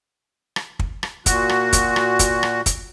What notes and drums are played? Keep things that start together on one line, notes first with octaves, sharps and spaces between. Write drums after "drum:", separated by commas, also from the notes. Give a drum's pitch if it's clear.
drum: rim click
drum: kick
drum: rim click
A#2 F#4, drum: kick, hi-hat
drum: rim click
drum: kick, hi-hat
drum: rim click
drum: kick, hi-hat
drum: rim click
drum: kick, hi-hat